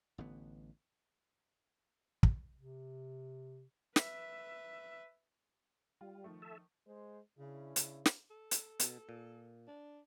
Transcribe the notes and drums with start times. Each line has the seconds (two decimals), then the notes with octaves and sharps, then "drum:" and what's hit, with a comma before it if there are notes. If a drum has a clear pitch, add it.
0.18 A1 D3 B3
2.23 drum: kick
2.56 C3
3.96 B4 E5, drum: snare
6.01 G3 F4
6.24 D#3 F3 A3
6.42 A4 E5
6.87 G#3 C5
7.39 C#3 C#4 D4 E4
7.76 C#3, drum: hi-hat
8.06 drum: snare
8.31 A4
8.51 drum: hi-hat
8.80 B2, drum: hi-hat
9.09 A#2
9.67 D4